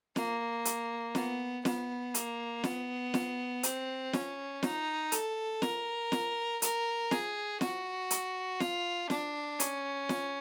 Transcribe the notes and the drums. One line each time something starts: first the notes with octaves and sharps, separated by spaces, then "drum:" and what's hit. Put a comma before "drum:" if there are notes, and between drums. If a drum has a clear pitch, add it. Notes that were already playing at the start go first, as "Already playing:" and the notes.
A#3, drum: snare
drum: hi-hat
B3, drum: snare
B3, drum: snare
A#3, drum: hi-hat
B3, drum: snare
drum: snare
C4, drum: hi-hat
C#4, drum: snare
D#4, drum: snare
A4, drum: hi-hat
A#4, drum: snare
drum: snare
A#4, drum: hi-hat
G#4, drum: snare
F#4, drum: snare
drum: hi-hat
F4, drum: snare
D4, drum: snare
C#4, drum: hi-hat
drum: snare